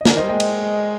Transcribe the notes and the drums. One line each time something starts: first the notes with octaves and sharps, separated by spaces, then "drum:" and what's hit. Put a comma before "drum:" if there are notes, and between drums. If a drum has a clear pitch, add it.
D#5
D3 A#4 D5, drum: snare
D#3 C5 D#5
G3
G#3 D#5 G5
drum: cymbal